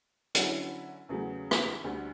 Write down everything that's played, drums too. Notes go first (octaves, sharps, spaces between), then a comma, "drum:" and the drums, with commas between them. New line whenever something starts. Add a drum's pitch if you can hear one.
D3 F#3 C#4 E4, drum: hi-hat
E2 C#3 F#3 A3
drum: rim click
D2 D3 G3